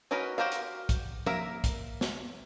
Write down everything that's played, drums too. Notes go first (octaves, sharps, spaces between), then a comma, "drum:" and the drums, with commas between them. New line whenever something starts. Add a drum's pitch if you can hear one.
C#4 D#4 F#4 A#4 B4
F#4 G4 A#4 C5 F5
drum: hi-hat
drum: kick, hi-hat
A#3 A#4 E5 A#5, drum: tom F3
drum: kick, hi-hat
drum: snare